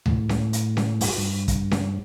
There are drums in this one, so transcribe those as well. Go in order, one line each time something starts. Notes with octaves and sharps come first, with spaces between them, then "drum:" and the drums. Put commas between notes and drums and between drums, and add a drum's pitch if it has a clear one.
A2, drum: tom D2
drum: snare C#4
drum: hi-hat
drum: snare C#4
G2, drum: open hi-hat
G2
drum: kick, hi-hat
drum: snare C#4